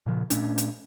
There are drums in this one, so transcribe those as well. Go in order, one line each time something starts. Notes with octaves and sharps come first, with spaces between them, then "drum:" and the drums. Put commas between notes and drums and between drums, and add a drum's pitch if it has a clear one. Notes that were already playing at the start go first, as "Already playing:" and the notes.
A#2 C#3 F3
A#2 A3 C#4 D4, drum: hi-hat
drum: hi-hat